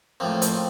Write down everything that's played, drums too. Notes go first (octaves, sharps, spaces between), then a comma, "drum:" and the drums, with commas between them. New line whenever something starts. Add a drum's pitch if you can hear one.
A2 F3 A#3 C4
C4, drum: hi-hat